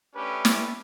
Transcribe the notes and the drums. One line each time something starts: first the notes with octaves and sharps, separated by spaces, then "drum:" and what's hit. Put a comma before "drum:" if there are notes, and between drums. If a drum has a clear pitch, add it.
A3 C#4 D4 G4 B4
drum: snare